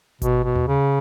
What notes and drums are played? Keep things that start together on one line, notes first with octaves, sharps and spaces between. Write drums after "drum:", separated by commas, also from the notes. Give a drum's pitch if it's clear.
B2, drum: kick G#1, hi-hat
B2
drum: tom D#2
C#3